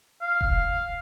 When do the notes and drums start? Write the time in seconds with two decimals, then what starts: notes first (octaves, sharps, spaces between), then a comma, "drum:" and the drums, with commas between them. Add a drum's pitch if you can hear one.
0.22 F5
0.41 drum: kick E1